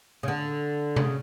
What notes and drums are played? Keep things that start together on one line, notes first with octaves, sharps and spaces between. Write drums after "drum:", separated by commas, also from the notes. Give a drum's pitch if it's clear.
C#3
D3
C#3, drum: tom C3